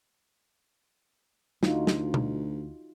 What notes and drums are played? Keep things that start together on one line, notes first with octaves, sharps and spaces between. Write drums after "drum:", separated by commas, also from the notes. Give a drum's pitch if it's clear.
D2 D#4 F4 F#4, drum: snare
drum: snare
drum: tom B2